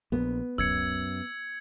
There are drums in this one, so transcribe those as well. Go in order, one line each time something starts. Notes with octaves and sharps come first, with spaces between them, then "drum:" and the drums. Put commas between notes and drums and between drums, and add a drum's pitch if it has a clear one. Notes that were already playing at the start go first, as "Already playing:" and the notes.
A#1 B3
F#2 E6 G#6 C#7, drum: kick C#2